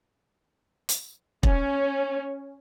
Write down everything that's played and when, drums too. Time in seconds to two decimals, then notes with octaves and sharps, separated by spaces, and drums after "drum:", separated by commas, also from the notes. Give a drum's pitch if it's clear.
0.89 drum: hi-hat
1.43 C#4, drum: kick